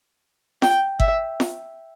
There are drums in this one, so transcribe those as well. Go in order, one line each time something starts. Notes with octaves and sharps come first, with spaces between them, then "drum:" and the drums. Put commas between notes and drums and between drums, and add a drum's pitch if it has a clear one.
G5, drum: snare
E5, drum: kick G1
drum: snare